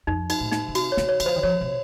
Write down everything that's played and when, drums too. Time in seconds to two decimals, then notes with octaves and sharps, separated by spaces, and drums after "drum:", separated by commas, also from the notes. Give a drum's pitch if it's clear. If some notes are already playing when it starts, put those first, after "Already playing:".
0.07 F2 D#4
0.30 D#4, drum: cymbal
0.40 A2
0.52 D#4, drum: snare
0.68 C#3
0.75 C3 F#4, drum: cymbal
0.92 C#5
0.97 C#3, drum: snare
1.09 C#5
1.20 D#3, drum: cymbal
1.26 F3 C5
1.36 D#3
1.43 F3 C#5
1.61 C3